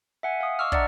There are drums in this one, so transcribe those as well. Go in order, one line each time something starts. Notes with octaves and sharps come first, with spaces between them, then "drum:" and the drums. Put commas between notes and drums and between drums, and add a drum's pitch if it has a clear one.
E5 F#5 G#5
F5 D#6
D#5 C#6 D6 E6 F6
D4 D5 E5 F#5 A#5, drum: kick